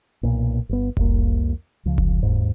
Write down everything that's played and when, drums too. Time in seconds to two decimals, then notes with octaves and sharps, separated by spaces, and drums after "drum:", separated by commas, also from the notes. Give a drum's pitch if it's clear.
0.23 B1 A#2
0.69 G1 B3
0.97 C2 F2 A#3, drum: kick F1
1.85 C#2 C#3 F3
1.98 drum: kick F1
2.22 D#2 G#2